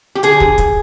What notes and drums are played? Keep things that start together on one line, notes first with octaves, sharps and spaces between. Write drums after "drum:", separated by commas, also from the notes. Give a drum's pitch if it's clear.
G4
D3 G#4, drum: hi-hat
drum: kick
drum: kick, hi-hat